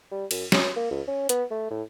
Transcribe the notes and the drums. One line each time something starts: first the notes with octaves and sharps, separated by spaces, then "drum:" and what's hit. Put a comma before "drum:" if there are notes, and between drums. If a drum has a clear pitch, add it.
G3
F#2, drum: cymbal
C#4, drum: snare
A#3
C#2
C#4
B3, drum: hi-hat
A3
A2